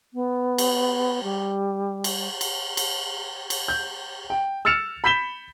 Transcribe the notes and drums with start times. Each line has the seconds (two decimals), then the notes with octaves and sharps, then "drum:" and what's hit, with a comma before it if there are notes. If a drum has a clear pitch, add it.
0.14 B3
0.58 drum: cymbal
1.23 G3
2.04 drum: cymbal
2.41 drum: cymbal
2.77 drum: cymbal
3.50 drum: cymbal
3.68 G6
4.30 G5
4.65 E6 F6 A6 C#7 E7 F7
5.04 B5 G6 B6 E7 G7